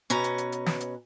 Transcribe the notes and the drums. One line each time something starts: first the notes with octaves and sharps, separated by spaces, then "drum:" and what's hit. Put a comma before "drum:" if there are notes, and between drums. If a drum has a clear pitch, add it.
B2 C#4 B4 A#5, drum: hi-hat
drum: hi-hat
drum: hi-hat
drum: hi-hat
drum: snare
drum: hi-hat